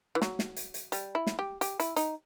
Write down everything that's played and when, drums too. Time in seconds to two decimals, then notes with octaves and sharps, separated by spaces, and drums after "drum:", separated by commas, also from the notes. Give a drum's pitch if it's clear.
0.15 E3
0.22 F#3, drum: snare
0.39 drum: snare
0.56 drum: hi-hat
0.74 drum: hi-hat
0.92 G3, drum: hi-hat
1.15 E4
1.27 drum: snare
1.39 G4
1.61 G4, drum: hi-hat
1.80 E4, drum: hi-hat
1.96 D#4, drum: hi-hat